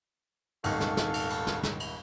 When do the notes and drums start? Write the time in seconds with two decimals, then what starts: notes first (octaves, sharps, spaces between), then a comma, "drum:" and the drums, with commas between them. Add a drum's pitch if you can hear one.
0.64 D#1 G#1 D#4 A4 F5 C#6, drum: cymbal
0.80 drum: snare
0.97 drum: snare
1.14 drum: cymbal
1.30 drum: cymbal
1.47 drum: snare
1.63 drum: snare
1.80 drum: cymbal